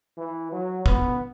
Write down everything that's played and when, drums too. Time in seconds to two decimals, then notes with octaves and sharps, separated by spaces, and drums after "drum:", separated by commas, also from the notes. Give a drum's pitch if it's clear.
0.18 E3
0.52 F#3
0.86 B3, drum: kick